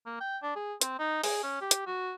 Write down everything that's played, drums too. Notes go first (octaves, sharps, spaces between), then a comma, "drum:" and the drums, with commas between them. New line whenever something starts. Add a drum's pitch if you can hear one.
A#3
G5
D4
G#4
C4, drum: hi-hat
D#4
G#4, drum: open hi-hat
C#4
G4
drum: hi-hat
F#4